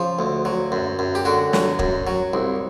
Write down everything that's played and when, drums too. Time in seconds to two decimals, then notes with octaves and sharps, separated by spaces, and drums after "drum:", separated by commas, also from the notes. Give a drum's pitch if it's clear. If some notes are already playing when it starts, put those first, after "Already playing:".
Already playing: C#3 F3
0.19 D2
0.45 F#3
0.72 F#2
0.99 F#2
1.15 G4
1.25 D3 F#4
1.53 F#3, drum: snare
1.79 F#2, drum: kick
2.07 F#3
2.33 C2